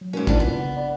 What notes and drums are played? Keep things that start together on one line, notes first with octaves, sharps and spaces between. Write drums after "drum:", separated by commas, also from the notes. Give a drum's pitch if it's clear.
F#3
G#2 C#4 F#4 A#4
G#2 D4 E4 F4, drum: kick
B3
C#3
D5 B5